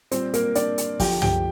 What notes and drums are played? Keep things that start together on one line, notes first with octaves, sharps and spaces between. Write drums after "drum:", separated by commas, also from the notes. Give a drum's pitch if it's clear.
A#2 G3 C4 C5, drum: hi-hat
A#3 A#4, drum: hi-hat
D4 D5, drum: hi-hat
drum: hi-hat
F2 D3 F3 G4 G5, drum: kick, open hi-hat
G4 G5, drum: tom